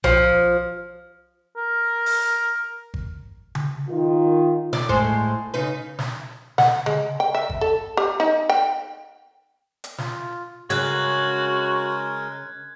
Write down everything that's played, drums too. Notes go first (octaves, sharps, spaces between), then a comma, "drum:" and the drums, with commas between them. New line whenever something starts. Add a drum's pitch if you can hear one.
F3, drum: tom B1
A#4
drum: open hi-hat
drum: kick G#1
drum: tom C#3
D#3 F4
D5, drum: snare
A2 G#3 C5, drum: kick G#1
C#3 D#4 B4
drum: snare
F#5, drum: snare
G#3, drum: tom C#3
G5
E5
drum: kick G#1
A4
G4
D#4
G5
drum: hi-hat
F4, drum: snare
C#3 G#3 F#4 A#4 F#6 G#6, drum: hi-hat